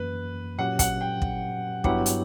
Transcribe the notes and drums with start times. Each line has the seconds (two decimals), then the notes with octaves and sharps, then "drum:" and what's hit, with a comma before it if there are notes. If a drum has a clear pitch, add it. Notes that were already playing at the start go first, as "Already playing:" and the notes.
Already playing: F#2 E3 A#3 B4
0.58 A#2 F#3 C#4 G4 F#5
0.79 F#5, drum: kick, hi-hat
1.01 G5
1.22 drum: kick
1.84 G2 F#3 B3 E4 G4 F#5, drum: kick
2.06 drum: hi-hat